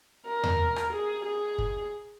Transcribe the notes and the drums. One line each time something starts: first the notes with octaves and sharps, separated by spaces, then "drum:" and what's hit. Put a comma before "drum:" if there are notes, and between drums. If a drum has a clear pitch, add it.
A#4
drum: tom E2
drum: rim click
G#4
G#4
drum: kick